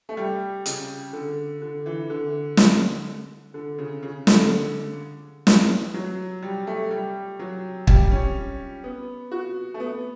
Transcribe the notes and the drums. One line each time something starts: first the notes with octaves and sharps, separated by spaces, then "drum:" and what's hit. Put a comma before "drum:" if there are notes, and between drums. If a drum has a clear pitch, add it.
A3
G3
C#3, drum: hi-hat
D3
D3
E3
D3
drum: snare
D3
C#3
C#3
D3, drum: snare
E3, drum: snare
F#3
G3
A3
G3
F#3
G3, drum: kick
C#4
B3
F#4
A3
B3